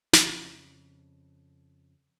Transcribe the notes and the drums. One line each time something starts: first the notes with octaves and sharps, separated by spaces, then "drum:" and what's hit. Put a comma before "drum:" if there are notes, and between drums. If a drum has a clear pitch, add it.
F2 C#3, drum: snare